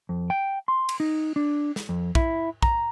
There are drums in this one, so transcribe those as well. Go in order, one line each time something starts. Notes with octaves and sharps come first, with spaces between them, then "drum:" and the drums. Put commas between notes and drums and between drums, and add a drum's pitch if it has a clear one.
F2
G5
C6
drum: cymbal
D#4
D4
drum: snare
F2
E4, drum: kick
A#5, drum: kick